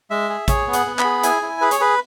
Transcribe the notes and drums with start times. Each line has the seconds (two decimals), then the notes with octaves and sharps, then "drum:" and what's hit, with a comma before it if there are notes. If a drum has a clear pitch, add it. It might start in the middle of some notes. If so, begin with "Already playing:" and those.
0.10 G#3 E5
0.30 G#4
0.48 G#4 C#5, drum: kick, hi-hat
0.67 B3
0.73 F#5, drum: hi-hat
0.86 B3
0.99 B5, drum: clap
1.04 G#4
1.23 E4 G#5, drum: hi-hat
1.42 E4
1.61 G#4 B4
1.71 C#5, drum: hi-hat
1.80 G#4 B4